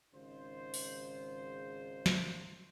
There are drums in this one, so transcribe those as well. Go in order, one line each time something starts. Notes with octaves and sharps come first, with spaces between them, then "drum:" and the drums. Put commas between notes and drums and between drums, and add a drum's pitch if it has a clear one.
G#1 C#3 D#4 F4 C5
drum: open hi-hat
drum: snare